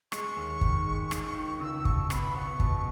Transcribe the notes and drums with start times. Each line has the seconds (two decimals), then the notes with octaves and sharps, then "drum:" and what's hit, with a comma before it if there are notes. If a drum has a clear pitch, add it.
0.12 G#3 C#6, drum: rim click
0.36 D#2
0.61 D#3, drum: kick
0.86 G#3
1.11 D#3, drum: rim click
1.35 D#3
1.60 C#2 E6
1.85 B2 C#6, drum: kick
2.10 B3 B5, drum: rim click
2.35 B3 C#6
2.60 B2, drum: kick